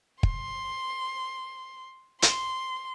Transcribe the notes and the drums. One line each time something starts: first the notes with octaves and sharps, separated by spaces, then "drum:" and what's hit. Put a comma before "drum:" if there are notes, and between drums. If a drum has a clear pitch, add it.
C6, drum: kick
C6, drum: hi-hat